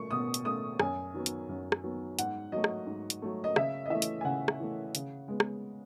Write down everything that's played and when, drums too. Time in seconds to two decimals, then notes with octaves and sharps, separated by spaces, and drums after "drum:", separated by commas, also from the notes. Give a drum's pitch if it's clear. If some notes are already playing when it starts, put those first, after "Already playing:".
Already playing: B2 A3 C#6
0.11 B2 D#6
0.34 drum: hi-hat
0.45 A3 D#6
0.80 F#2 G#5, drum: rim click
1.14 D#3 F#3 B3
1.26 drum: hi-hat
1.49 F#2
1.72 drum: rim click
1.84 D#3 F#3 B3
2.19 G#2 F#5, drum: hi-hat
2.52 F#3 A3 D#5
2.64 drum: rim click
2.87 G#2
3.10 drum: hi-hat
3.22 F#3 A3
3.44 D#5
3.56 C#3 E5, drum: rim click
3.85 D#5
3.90 E3 A3 E5
4.02 drum: hi-hat
4.21 G#5
4.25 C#3 F#5
4.48 drum: rim click
4.60 E3 A3
4.95 C#3, drum: hi-hat
5.28 G#3 B3
5.40 drum: rim click